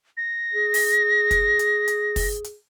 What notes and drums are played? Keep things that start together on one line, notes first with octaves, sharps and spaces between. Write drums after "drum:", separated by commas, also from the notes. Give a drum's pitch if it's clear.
A#6
G#4
drum: open hi-hat
drum: kick, hi-hat
drum: hi-hat
drum: hi-hat
drum: kick, open hi-hat
drum: hi-hat